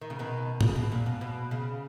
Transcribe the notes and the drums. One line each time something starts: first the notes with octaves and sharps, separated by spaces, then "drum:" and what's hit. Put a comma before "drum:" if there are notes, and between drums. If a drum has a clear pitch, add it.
D#3
C#3
B2 D#3
C#3, drum: tom G#2
B2
A#2
B2
B2
C#3